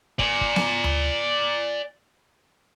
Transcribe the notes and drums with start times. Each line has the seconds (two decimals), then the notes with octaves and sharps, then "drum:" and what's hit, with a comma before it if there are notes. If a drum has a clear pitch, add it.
0.19 D5 G#5, drum: kick
0.41 drum: kick
0.56 drum: snare B3
0.84 drum: tom D2